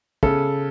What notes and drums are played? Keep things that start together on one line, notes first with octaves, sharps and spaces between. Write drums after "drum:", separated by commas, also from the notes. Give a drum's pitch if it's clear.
C#3 A4, drum: kick